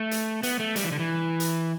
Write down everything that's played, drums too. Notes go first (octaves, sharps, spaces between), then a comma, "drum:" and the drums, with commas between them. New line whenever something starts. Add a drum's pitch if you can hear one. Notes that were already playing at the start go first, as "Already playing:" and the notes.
Already playing: A3
drum: hi-hat
B3, drum: hi-hat
A3
G3, drum: hi-hat
E3
D3
E3
drum: hi-hat